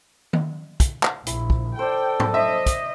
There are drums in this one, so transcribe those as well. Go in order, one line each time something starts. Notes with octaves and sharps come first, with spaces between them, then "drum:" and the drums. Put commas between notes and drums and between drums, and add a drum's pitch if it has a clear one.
drum: tom D#3
drum: kick, hi-hat
drum: clap
A#1 E4, drum: hi-hat
drum: kick
A4 C5 D5 G5
drum: tom G#2
C5 D#5 E5
drum: kick, hi-hat